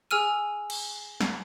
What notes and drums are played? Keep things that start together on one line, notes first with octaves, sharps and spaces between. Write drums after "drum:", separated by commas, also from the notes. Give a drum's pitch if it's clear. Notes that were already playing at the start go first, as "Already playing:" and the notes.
G#4 G#5 E6 F6 D#7
drum: cymbal
drum: snare